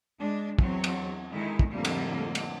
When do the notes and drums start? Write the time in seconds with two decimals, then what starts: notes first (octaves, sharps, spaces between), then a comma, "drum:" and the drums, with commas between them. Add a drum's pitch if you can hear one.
0.19 G#3 D4
0.59 E2 F#3 C4 C#5, drum: kick
0.84 drum: cymbal
1.29 D3 D#3 G#3 D#4 E4
1.59 drum: kick
1.69 F2 A2 D3 G3 A#3
1.85 drum: cymbal
2.35 drum: cymbal